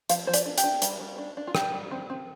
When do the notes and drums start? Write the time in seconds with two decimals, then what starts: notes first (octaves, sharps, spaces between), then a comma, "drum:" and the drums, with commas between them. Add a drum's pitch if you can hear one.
0.09 F3 F5, drum: hi-hat
0.27 F3 C5
0.34 D5, drum: hi-hat
0.45 D4
0.58 G4, drum: hi-hat
0.64 D4
0.82 G3, drum: hi-hat
1.00 G3
1.18 D4
1.37 D4
1.47 F4
1.55 G3 G4, drum: rim click
1.73 G3
1.91 C4
2.10 C4